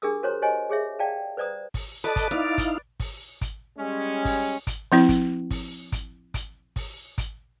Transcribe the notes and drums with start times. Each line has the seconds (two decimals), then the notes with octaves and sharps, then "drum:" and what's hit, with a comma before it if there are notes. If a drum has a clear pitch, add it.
0.02 D4 G4 G#4 A#4 D#6 E6
0.23 F#4 A#4 C5 C#5 A#5 C6
0.42 G4 C5 C#5 D#5 G#5
0.70 G4 G#4 C#5 E5
0.99 D5 F5 G5 A5 A#5
1.37 B4 C5 D5 A#5 D#6
1.74 drum: kick, open hi-hat
2.04 A4 B4 D5 D#5 A5
2.16 drum: kick, hi-hat
2.31 D#4 E4 D5 F5
2.58 drum: kick, hi-hat
3.00 drum: kick, open hi-hat
3.41 drum: kick, hi-hat
3.78 G3 G#3 C#4
4.25 drum: kick, open hi-hat
4.67 drum: kick, hi-hat
4.92 F3 C4 E4
5.09 drum: kick, hi-hat
5.50 drum: kick, open hi-hat
5.92 drum: kick, hi-hat
6.34 drum: kick, hi-hat
6.76 drum: kick, open hi-hat
7.18 drum: kick, hi-hat